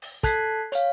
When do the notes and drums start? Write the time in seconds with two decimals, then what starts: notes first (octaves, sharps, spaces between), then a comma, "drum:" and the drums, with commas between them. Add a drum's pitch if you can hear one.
0.02 drum: open hi-hat
0.23 A4 A5 F#6 G#6 B6 C7, drum: kick, hi-hat
0.72 C#5 F5, drum: hi-hat